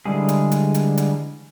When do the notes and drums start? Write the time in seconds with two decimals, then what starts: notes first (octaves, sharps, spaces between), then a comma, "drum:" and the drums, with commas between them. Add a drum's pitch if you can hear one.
0.06 D3 E3 G3 G#3 G#4
0.29 drum: hi-hat
0.51 drum: hi-hat
0.74 drum: hi-hat
0.97 drum: hi-hat